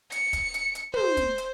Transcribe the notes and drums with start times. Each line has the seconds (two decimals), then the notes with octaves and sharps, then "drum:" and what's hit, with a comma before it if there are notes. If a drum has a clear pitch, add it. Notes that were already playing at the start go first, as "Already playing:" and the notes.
0.12 C#7, drum: hi-hat
0.33 drum: kick, hi-hat
0.54 drum: hi-hat
0.75 drum: hi-hat
0.94 C5, drum: tom
1.17 drum: kick, hi-hat
1.38 drum: hi-hat